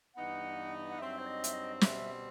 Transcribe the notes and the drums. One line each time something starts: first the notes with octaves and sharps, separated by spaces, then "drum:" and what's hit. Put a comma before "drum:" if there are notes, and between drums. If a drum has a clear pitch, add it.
G2 E3 B3 D#4 F#5
F#5
G2 F#3 C4 D#4 E5
C5
D#5
E5, drum: hi-hat
D#5
B2 G3 C4 E5, drum: snare